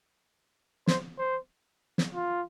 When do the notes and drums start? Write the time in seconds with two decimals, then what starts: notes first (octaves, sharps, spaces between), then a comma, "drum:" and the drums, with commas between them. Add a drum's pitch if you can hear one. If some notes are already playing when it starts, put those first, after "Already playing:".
0.87 C5, drum: snare
1.19 C5
1.98 drum: snare
2.14 F4